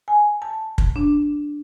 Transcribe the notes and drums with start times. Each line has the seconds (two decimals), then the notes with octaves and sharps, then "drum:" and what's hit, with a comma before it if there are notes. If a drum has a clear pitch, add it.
0.08 G#5
0.42 A5
0.78 drum: kick
0.96 D4